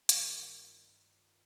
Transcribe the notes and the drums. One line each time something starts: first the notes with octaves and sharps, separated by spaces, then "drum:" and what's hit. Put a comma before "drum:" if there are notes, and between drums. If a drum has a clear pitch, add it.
G2 D#3 F4 A#4, drum: hi-hat